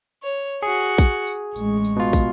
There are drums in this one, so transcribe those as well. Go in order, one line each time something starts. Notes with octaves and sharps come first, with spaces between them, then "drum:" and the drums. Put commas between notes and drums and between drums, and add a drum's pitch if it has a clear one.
C#5
F#4 G#4 C#7
drum: kick, tambourine
drum: tambourine
A1 G#3 C#6, drum: tambourine
drum: tambourine
B2 F4
drum: kick, tambourine